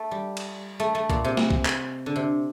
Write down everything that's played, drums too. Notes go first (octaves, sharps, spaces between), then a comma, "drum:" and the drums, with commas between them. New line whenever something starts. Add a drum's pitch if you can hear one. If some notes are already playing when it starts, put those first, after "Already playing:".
Already playing: A3
G3
drum: cymbal
A3
A3
A#2, drum: kick
C3
drum: snare
drum: kick
drum: clap
D3
C3